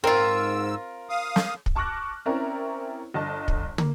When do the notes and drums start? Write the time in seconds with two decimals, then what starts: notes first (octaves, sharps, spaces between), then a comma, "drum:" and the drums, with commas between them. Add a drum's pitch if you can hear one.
0.04 G#2 C4 F4 A#4 E6
1.10 F5 D#6
1.36 drum: snare
1.66 drum: kick
1.75 A5 C#6 D6 F6 F#6 A#6
2.26 C4 C#4 E4 A#4 D5
3.14 G1 D#5 A5
3.48 drum: kick
3.78 A#3, drum: tom